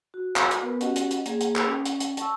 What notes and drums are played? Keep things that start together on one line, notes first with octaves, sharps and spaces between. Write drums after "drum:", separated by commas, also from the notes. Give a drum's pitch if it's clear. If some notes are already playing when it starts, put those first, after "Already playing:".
F#4
drum: clap
drum: hi-hat
B3 A#4 B4
C#4 F#4 G4 D#5 F#5, drum: hi-hat
drum: hi-hat
drum: hi-hat
A#3 G#4, drum: hi-hat
drum: hi-hat
drum: clap
C#4 G5
drum: hi-hat
drum: hi-hat
A5 C#6 E6, drum: hi-hat